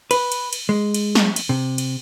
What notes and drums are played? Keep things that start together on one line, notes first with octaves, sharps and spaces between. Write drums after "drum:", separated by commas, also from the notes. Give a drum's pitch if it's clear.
B4, drum: cymbal
drum: cymbal
drum: cymbal
G#3
drum: cymbal
drum: snare
drum: cymbal
C3
drum: cymbal